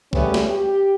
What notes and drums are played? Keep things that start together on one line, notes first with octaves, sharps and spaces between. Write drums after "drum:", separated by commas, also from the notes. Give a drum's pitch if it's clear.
C#3 G3 A3 B3 C#4 G4, drum: kick
drum: snare
G4